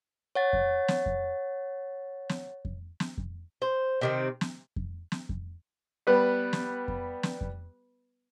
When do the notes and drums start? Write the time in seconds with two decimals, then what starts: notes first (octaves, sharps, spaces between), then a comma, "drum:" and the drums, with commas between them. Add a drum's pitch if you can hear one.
0.35 C#5 F#5 A6
0.53 drum: kick F2
0.88 drum: snare
1.06 drum: kick F2
2.29 drum: snare
2.65 drum: kick F2
3.00 drum: snare
3.18 drum: kick F2
3.62 C5
4.01 C3 D#3 C4
4.41 drum: snare
4.76 drum: kick F2
5.12 drum: snare
5.29 drum: kick F2
6.07 G3 B3 B4
6.53 drum: snare
6.88 drum: kick F2
7.23 drum: snare
7.41 drum: kick F2